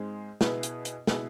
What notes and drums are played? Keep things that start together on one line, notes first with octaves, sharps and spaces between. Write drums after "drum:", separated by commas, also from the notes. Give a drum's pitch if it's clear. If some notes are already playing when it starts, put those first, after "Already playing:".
Already playing: G#2 G#3 C4 G#4
B2 B3 E4 G#4 B4, drum: snare
drum: hi-hat
drum: hi-hat
B2 B3 E4 G#4 B4, drum: snare